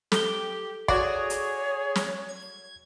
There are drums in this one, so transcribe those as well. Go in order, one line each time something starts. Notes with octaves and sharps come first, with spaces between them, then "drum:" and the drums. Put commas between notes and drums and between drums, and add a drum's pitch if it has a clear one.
G4 A4 G7, drum: snare
F#4 G#4 C#5 D5, drum: kick
drum: hi-hat
drum: snare
G#6